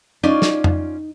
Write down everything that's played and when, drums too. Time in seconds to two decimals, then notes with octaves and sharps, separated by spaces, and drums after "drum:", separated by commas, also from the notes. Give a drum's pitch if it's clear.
0.23 C#4 D#4 F4 D5
0.42 drum: snare
0.64 drum: tom F2